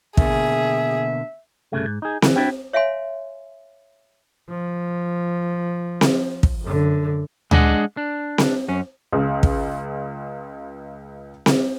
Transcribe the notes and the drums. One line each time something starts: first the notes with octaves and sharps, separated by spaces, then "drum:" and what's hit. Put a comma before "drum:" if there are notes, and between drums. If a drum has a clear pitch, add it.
B2 D3 A#3 G#4 E5, drum: kick
C2 G2 C#3 A3
G#2
D#4 G#4
E3, drum: snare C4
D4 E4 F#4 G5
C#5 E5 F5 G#5 C6
F3
drum: snare C4
drum: kick
F#2 D3
G#3 D4 G#4 D#5 F#5, drum: tom D2
D4
drum: snare C4
F#2 C#4
C#2 C#3
drum: kick
drum: snare C4